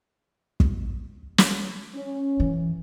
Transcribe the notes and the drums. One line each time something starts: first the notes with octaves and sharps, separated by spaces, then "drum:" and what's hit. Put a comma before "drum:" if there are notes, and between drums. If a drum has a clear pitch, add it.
drum: kick
drum: snare
C#4
E3